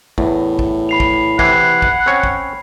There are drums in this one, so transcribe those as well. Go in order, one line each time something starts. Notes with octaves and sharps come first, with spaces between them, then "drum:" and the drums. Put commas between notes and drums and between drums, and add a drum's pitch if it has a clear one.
E2 A2, drum: kick
drum: kick
B5 C7 F7
drum: kick
C3 E3 F#5 B5 G#6 C7, drum: kick
drum: kick
C4 C#4 C#5
drum: kick